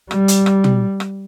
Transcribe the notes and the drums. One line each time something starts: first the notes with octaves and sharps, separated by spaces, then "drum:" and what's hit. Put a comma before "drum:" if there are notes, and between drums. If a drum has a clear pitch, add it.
G3, drum: rim click
drum: hi-hat
drum: rim click
drum: tom
drum: rim click